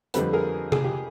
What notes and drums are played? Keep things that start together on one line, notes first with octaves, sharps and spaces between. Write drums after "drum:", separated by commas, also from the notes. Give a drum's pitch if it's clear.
F2 D3 G3 C4 A4 B4, drum: hi-hat
G#4 A#4
G#4, drum: tom C3
G4